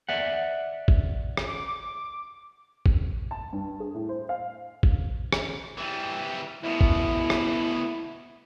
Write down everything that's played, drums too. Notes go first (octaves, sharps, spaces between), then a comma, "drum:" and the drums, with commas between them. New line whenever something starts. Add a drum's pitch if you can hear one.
D5 E5 F#5
drum: kick
drum: rim click
D6
D6
drum: kick
A5
G2
G#4
A2
C5
F5
drum: kick
drum: rim click
E3 G3
D2 B2 E4
drum: kick
drum: rim click